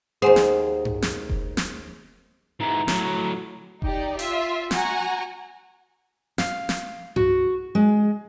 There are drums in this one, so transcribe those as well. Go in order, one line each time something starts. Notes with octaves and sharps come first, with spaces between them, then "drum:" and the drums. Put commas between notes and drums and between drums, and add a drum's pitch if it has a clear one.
D#2 G#4 C5 F#5 G#5
drum: snare
drum: tom G2
drum: snare
drum: kick F1
drum: snare
G#2 E3 A#5
A2 F#3, drum: snare
D#4 G4 D5, drum: kick F1
F4 E5, drum: open hi-hat
F#4 F#5 G#5 A#5, drum: snare
F5, drum: snare
drum: snare
F#4, drum: tom G2
G#3